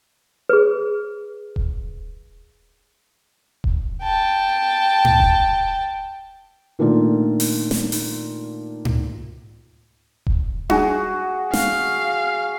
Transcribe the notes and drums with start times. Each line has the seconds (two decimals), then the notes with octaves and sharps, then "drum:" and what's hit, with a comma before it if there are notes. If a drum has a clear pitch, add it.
0.49 G#4 B4
1.56 drum: kick D#1
3.64 drum: kick D#1
4.03 G5 A5
5.05 drum: tom G#2
5.20 drum: kick D#1
6.79 A#2 D#3 A3 D4 F4
7.40 drum: open hi-hat
7.71 drum: snare
7.92 drum: open hi-hat
8.85 drum: tom G#2
10.27 drum: kick D#1
10.70 F#4 G#4, drum: tom D4
11.53 F5, drum: snare